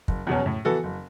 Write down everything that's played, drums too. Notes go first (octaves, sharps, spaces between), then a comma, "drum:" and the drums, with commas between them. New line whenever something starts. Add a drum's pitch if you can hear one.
F#1, drum: kick
E2 B2 F#3 C#4
A2
E3 B3 F#4 A4
F#1